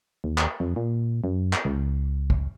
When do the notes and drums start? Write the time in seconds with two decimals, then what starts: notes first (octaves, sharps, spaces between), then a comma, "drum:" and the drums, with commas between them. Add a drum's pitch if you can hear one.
0.24 D#2
0.38 drum: clap
0.60 F2
0.76 A#2
1.24 F#2
1.53 drum: clap
1.65 C#2
2.30 drum: kick